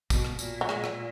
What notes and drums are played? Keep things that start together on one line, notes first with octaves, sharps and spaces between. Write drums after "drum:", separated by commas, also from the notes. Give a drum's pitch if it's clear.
B2, drum: kick, tambourine
drum: rim click
A#2, drum: tambourine
F#3
G#3, drum: rim click
drum: rim click